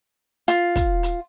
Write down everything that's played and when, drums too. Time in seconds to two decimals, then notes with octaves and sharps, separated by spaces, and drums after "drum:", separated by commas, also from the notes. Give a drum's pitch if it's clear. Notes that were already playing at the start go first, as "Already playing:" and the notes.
0.48 F4, drum: hi-hat
0.76 drum: kick, hi-hat
1.03 drum: hi-hat